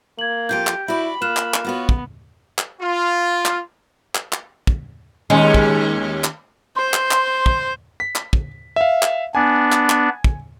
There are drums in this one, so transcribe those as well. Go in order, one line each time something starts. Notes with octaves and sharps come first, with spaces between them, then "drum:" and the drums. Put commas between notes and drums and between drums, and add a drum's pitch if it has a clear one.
A#3 G#6 F#7
F2 F4 G4 A4 G6 D7
drum: clap
E4 F#4 D5 B5
A#3 F4 F6 F#6 E7
drum: clap
drum: clap
B3 F4 F#4 C#5
drum: kick
drum: clap
F4
drum: clap
drum: clap
drum: clap
drum: kick
D#2 G#3 C#4
drum: kick
drum: clap
C5 C6
drum: clap
drum: clap
drum: kick
B6
drum: clap
drum: kick
E5 F5
drum: clap
B3 D4 G#5
drum: clap
drum: clap
drum: kick